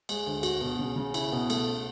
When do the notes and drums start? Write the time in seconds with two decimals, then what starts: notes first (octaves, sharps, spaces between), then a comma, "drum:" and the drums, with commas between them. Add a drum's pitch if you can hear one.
0.09 G#3, drum: cymbal
0.27 D2
0.43 F#4, drum: cymbal
0.61 B2
0.79 C#3
0.96 C#3
1.14 E4, drum: cymbal
1.32 B2
1.50 A3, drum: cymbal